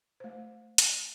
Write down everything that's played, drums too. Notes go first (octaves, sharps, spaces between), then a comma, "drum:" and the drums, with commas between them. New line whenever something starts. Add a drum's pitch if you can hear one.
A3 C5
drum: hi-hat